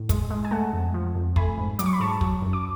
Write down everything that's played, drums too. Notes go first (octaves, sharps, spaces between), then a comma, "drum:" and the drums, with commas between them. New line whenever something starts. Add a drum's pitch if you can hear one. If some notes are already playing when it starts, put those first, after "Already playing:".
Already playing: A2
G#3, drum: kick, hi-hat
G#3
G#5
A3 F#5 A5
F2
F3
F2
A3 G#5 B5, drum: kick
G#2
F#3 D6, drum: hi-hat
C#6
B5
G#2 A5 C#6
F#3, drum: kick
F#2
D6